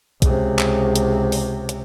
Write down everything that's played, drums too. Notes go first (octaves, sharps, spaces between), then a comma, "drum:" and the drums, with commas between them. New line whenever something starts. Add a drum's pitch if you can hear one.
C#2 C3, drum: kick, hi-hat
drum: clap
drum: hi-hat
drum: open hi-hat
drum: hi-hat